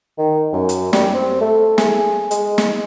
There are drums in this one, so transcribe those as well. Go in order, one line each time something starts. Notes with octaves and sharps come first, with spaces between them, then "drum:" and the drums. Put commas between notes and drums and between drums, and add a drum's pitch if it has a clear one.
D#3
F#2
drum: hi-hat
G3, drum: snare
C4
A3
G#4, drum: snare
G#3, drum: hi-hat
drum: snare